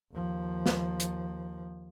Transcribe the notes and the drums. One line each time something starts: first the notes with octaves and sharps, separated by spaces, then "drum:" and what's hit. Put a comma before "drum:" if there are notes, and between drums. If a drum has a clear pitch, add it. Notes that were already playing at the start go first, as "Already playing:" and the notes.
D#2 F3
drum: snare
drum: hi-hat